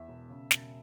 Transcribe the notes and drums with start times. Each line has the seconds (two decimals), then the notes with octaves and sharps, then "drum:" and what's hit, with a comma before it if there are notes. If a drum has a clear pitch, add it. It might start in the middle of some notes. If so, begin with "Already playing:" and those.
Already playing: E2 E5
0.08 E1
0.30 C#3
0.51 E1, drum: snare